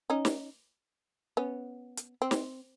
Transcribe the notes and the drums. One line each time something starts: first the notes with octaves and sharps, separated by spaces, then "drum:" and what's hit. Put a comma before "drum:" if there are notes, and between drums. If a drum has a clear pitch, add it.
C#4 D#4
drum: snare
B3 C#4
drum: hi-hat
C4
drum: snare